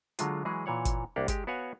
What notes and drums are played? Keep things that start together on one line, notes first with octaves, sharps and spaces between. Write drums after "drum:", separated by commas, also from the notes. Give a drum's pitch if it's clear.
D3 F#3 G#3 F4, drum: hi-hat
E3 F#3 G#3 G#4
A#2 E3 C#5 F#5
drum: kick G1, hi-hat
C2 A#3 D4 G4 F#5
G#3 G4, drum: kick G1, hi-hat
B3 F#4 C#5 F5 F#5 G#5